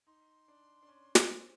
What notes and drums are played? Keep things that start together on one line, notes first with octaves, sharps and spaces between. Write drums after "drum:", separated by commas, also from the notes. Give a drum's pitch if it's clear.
D#4 C6
D4
D4
C#4
C4, drum: snare